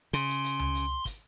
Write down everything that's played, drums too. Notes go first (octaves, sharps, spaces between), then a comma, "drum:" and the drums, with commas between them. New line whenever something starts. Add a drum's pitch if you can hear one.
C#3 C6, drum: hi-hat
drum: hi-hat
drum: hi-hat
drum: tom C#2
drum: hi-hat
drum: kick, hi-hat